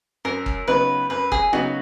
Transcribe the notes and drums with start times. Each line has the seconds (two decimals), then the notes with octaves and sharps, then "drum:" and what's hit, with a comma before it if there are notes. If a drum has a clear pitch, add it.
0.25 F#2 A#4
0.46 drum: kick F#1
0.68 C#3 F#3 B3 D#4 B4
1.10 F#2 B4
1.32 G#4, drum: kick F#1
1.53 C#3 F#3 B3 D#4 F#4